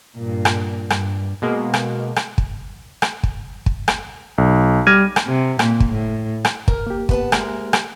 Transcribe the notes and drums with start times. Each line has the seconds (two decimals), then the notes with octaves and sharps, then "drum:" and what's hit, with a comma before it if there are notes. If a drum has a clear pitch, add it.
0.18 G2 A#2
0.45 drum: rim click
0.90 G2, drum: rim click
1.42 B2 G#3 A#3
1.74 drum: rim click
2.16 drum: rim click
2.38 drum: kick
3.02 drum: rim click
3.23 drum: kick
3.66 drum: kick
3.88 drum: rim click
4.38 B1
4.87 G3 D6 F6 G#6 A#6 D#7
5.16 drum: rim click
5.26 C3
5.59 A#2, drum: rim click
5.80 drum: kick
5.92 A2
6.45 drum: rim click
6.68 A#4, drum: kick
6.87 A#3 G4
7.09 B3 B4 A5, drum: kick
7.32 D2 G#3 A#4, drum: rim click
7.73 drum: rim click